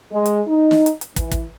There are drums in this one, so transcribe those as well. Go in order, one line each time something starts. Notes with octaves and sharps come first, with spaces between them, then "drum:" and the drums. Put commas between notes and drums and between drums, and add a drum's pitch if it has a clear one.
G#3
drum: hi-hat
D#4
drum: snare
drum: hi-hat
drum: hi-hat
E3, drum: kick, hi-hat
drum: kick, hi-hat